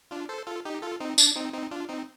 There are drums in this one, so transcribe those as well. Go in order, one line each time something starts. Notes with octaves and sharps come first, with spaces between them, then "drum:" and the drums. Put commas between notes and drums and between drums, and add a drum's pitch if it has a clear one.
D4 F4
A4 C5
F4 A4
D#4 G4
F4 A4
C4 D#4
D4, drum: tambourine
C4 D#4
C4 D#4
D4 F4
C4 D#4